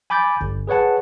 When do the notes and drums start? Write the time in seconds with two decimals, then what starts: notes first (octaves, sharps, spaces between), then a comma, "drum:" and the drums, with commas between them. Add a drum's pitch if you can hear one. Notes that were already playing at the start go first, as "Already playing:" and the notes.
0.10 G#5 B5 D6 G6 A6
0.41 G1, drum: kick F#1
0.67 G#4 B4 C#5 F#5 A5